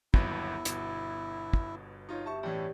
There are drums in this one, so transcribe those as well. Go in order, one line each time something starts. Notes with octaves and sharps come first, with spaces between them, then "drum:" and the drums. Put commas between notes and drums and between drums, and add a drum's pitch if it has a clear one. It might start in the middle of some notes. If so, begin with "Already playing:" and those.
G1 D#2 F#3 B3 E4 A#6, drum: kick
G1 B2, drum: hi-hat
drum: kick
D#4 F4 C#5
G4 E5 A5 C#6
A2 E3 C#4 G4 D5